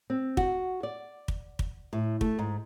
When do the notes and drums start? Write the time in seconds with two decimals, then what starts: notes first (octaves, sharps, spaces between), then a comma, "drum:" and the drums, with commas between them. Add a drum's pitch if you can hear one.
0.10 C4
0.37 F#4, drum: kick
0.83 D5
1.28 drum: kick
1.59 drum: kick
1.93 A2
2.21 A3, drum: kick
2.39 G#2